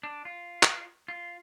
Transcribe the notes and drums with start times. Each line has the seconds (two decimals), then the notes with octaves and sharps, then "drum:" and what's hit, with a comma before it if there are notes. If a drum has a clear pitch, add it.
0.03 D4
0.25 F4
0.63 drum: clap
1.08 F4